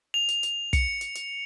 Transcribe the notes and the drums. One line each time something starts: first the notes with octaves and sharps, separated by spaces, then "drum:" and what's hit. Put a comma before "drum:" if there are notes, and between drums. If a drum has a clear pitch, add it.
F7
drum: hi-hat
drum: hi-hat
C#7, drum: kick, hi-hat
drum: hi-hat
drum: hi-hat